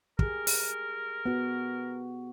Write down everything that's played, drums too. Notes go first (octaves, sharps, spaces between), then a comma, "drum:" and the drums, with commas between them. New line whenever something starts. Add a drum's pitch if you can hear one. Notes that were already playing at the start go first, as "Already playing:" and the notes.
G4 G#4 A#4, drum: kick
drum: open hi-hat
B3 F#4